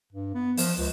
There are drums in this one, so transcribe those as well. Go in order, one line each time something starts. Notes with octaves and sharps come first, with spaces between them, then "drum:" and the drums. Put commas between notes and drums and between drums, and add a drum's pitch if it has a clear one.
G2
B3
F3, drum: open hi-hat
C#2